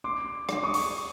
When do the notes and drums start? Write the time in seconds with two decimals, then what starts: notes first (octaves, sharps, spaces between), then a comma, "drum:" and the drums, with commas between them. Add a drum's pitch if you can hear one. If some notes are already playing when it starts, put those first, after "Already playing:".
0.04 C6 D6
0.49 drum: rim click
0.63 C#6 D#6
0.74 drum: open hi-hat